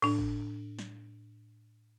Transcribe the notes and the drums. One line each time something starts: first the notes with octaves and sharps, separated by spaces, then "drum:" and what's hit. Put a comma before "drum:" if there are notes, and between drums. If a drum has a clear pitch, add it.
A2 D4, drum: cymbal
drum: kick
drum: snare